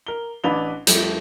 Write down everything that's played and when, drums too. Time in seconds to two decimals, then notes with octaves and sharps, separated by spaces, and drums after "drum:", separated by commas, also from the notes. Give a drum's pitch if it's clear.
0.07 A#4 G7
0.44 A1 D4 B4 F7 G7
0.87 F2 G3 A3, drum: hi-hat